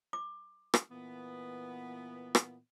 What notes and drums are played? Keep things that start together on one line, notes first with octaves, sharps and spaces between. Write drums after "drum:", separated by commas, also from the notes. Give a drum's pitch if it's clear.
D6
drum: rim click
A#2 E3 B3
drum: rim click